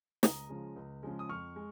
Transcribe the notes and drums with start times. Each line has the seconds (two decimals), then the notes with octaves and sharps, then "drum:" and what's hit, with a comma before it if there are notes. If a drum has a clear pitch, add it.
0.23 C#2 A#5 D#6, drum: snare
0.49 C#3 F3 G#3
0.76 C#2
1.03 C#3 F3 G#3
1.19 D#6
1.29 F2 C#6 F6
1.56 G#3